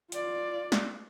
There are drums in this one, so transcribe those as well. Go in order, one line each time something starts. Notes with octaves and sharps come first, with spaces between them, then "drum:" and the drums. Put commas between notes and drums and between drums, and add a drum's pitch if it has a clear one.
F4 D5, drum: hi-hat
drum: snare